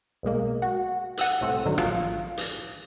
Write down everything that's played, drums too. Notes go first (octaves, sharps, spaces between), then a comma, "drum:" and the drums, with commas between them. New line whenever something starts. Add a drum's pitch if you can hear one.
B1 B2 G#3 A#3
F#4
F#5 D#6 E6 F#6, drum: hi-hat
C2 A2 A3 C4
G#2 D3 D#3 F#3
A1 F3 F4, drum: rim click
drum: hi-hat